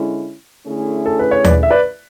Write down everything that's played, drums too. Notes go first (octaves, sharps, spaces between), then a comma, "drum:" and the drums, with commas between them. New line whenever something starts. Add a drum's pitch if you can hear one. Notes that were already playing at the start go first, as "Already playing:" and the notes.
Already playing: D3 G#3 C#4 E4
D3 A3 C#4 E4 G#4
A4
B4
C#5
B4 D5, drum: tom D#2
E5
B4 D5